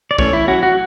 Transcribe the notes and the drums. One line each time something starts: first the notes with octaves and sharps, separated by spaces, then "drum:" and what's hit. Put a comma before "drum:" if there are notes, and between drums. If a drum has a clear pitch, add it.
D5
E3 A3 C#4 C#5, drum: kick
E4
F#3 C#4 F#4
F#4